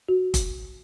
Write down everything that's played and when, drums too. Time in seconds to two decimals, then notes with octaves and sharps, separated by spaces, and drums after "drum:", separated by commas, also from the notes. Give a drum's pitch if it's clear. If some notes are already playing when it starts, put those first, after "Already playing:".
0.09 F#4
0.34 drum: kick, hi-hat